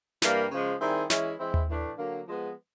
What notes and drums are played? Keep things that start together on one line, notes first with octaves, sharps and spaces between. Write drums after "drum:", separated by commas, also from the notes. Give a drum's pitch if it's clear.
G2 E3 G3 A#3, drum: snare
C#3 F3 G#3
D#3 G3 C4 E4 G#4
E3 G#3 C#4 E4, drum: snare
E3 G#3 C4 E4
drum: tom D#2
A2 E3 A3 D4
D3 F#3 A#3
F3 G#3 B3